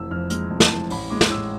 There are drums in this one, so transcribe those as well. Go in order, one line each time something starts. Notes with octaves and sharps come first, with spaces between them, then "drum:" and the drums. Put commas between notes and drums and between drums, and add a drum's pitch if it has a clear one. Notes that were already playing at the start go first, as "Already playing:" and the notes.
Already playing: F1 E3 E6
F2 F6
G#3 F6, drum: hi-hat
F1
A5, drum: snare
E3
A1 B5, drum: open hi-hat
G#3 D6
drum: snare
A2 E6